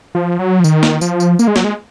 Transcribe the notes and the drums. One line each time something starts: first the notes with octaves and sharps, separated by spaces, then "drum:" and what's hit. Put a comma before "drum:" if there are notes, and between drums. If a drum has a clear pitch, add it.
F3
F#3
F3
D#3, drum: tambourine
drum: snare
F3, drum: tambourine
drum: tambourine
A#3, drum: tambourine
G#3
F#3, drum: snare
G#3